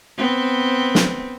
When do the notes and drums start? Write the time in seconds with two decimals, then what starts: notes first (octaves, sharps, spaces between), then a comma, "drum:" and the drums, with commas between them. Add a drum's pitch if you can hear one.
0.17 B3 C4
0.95 drum: snare